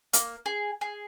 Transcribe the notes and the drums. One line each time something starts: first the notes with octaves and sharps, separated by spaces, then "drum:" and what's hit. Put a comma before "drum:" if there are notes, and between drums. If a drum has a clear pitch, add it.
A#3, drum: hi-hat
G#4
G#4